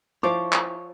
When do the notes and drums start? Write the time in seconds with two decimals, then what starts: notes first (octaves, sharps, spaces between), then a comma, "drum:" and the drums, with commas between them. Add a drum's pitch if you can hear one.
0.23 F3 E4 C5 C#5 D6
0.53 drum: clap